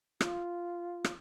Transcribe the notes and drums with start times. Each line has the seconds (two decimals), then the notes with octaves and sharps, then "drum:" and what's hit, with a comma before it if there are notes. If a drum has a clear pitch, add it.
0.21 F4, drum: rim click
1.04 drum: rim click